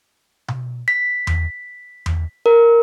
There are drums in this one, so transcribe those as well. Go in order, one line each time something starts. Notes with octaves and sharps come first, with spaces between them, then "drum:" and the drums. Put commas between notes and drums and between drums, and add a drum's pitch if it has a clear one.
drum: tom B2
B6
drum: tom E2
drum: tom E2
A#4